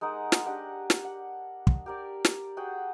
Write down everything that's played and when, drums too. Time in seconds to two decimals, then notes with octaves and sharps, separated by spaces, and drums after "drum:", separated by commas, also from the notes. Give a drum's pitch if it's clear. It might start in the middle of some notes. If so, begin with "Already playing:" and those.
0.01 G#3 D#4 A#4 F#5
0.32 drum: snare
0.46 D4 G4 D#5 F#5
0.90 drum: snare
1.05 F#5
1.67 drum: kick
1.86 G4 A#4 D5
2.25 drum: snare
2.57 F#4 G#4 F#5 G5